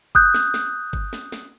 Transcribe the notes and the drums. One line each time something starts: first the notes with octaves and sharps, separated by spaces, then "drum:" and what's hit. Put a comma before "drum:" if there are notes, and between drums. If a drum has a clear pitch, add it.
D#6 F#6 G6, drum: kick G1
drum: snare
drum: snare
drum: kick G1
drum: snare
drum: snare